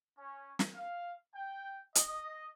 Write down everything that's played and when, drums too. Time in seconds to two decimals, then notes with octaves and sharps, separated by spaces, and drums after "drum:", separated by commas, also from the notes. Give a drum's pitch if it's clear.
0.18 C#4
0.59 drum: snare
0.75 F5
1.34 G5
1.95 D#5, drum: hi-hat